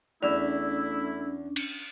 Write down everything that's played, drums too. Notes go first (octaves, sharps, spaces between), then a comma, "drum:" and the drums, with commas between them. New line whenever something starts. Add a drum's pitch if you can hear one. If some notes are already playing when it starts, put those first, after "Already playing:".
E2 A3 C#4 D4 E4 D5
drum: cymbal